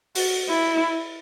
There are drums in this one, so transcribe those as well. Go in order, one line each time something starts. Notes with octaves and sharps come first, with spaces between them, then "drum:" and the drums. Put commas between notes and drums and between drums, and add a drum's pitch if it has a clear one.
F#4, drum: open hi-hat
E4